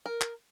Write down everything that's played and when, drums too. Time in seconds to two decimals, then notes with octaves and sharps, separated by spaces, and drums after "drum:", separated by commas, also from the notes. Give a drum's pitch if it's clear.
0.06 A#4
0.21 drum: clap